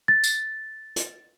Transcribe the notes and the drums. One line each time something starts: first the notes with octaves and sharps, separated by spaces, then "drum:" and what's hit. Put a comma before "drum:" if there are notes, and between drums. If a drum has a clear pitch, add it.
A6
drum: tambourine
drum: hi-hat